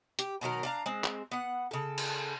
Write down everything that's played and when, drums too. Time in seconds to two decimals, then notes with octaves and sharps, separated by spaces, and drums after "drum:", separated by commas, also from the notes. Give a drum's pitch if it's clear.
0.19 G4, drum: hi-hat
0.41 B2 D#3 F#3 A#4
0.63 D4 F5 A#5
0.86 G#3 C4
1.04 drum: clap
1.31 B3 F#5
1.71 C#3 A4
1.98 drum: cymbal